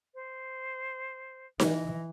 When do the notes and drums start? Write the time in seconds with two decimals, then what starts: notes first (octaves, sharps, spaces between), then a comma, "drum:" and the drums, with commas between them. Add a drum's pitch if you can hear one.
0.14 C5
1.60 E3 D#5, drum: snare D#4